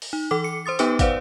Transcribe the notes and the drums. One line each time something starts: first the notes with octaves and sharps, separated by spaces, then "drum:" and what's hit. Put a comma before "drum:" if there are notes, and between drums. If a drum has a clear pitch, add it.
drum: open hi-hat
D#4
E3 A4 D6
C#7
C5 C6 D#6 A6
B3 D#4 G4 B4 G5 D6, drum: hi-hat
B4 C5 D5 F5 F#5, drum: kick, hi-hat